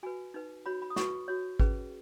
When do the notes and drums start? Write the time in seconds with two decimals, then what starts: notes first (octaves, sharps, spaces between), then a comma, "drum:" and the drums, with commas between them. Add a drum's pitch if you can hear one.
0.03 F#4 B4 G#5
0.34 D#4 B4
0.66 F#4 C#5 B5
0.82 B5
0.90 D#6
0.96 F#4 B4 C#6, drum: snare
1.28 F#4 C#5
1.60 C#4 G#4 B4, drum: kick G#1